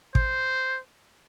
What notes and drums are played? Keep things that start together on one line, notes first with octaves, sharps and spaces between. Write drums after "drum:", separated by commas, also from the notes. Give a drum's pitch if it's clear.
C5, drum: kick